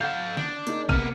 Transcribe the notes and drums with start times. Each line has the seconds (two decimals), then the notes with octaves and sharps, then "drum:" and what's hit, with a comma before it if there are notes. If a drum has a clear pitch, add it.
0.01 A4 F5 F#5 G6
0.37 D4, drum: snare
0.67 A#3 D#4 G#4, drum: hi-hat
0.89 C3 A#3 B3 F6 D#7, drum: kick G#1